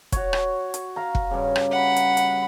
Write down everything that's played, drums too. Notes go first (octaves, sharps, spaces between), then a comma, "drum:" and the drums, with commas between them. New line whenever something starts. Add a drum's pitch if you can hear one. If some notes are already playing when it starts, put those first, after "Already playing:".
F#4 C#5, drum: kick, hi-hat
drum: rim click
drum: hi-hat
F5 A#5
drum: kick
G2 C#3
drum: rim click
F#5 B5
drum: hi-hat
drum: hi-hat